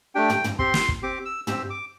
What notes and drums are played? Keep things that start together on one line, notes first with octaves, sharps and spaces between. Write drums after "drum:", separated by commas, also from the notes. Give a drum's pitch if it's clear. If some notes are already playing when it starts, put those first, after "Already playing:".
A3 D4 G4 G5
drum: tom
drum: tom
C4 G4 C6, drum: kick
drum: snare
drum: kick
C4 G4 D6
E6
C4 G4 E6, drum: tom
D6